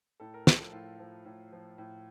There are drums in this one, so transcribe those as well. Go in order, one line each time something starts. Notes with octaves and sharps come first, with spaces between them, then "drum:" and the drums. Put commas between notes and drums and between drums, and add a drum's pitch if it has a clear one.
A2 A4
A#4
F3 A4, drum: snare
A4
A2 F4
F3
A2
F3
A2